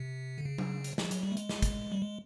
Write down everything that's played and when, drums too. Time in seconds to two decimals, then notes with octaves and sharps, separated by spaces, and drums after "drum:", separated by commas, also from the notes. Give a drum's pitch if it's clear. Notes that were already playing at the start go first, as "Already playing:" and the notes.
Already playing: C3
0.38 D3
0.45 C#3
0.58 drum: tom F#3
0.84 drum: hi-hat
0.98 F3, drum: snare
1.11 F#3, drum: hi-hat
1.23 G3
1.32 A3
1.37 G#3, drum: hi-hat
1.49 drum: snare
1.62 drum: kick, hi-hat
1.92 G3
2.02 G#3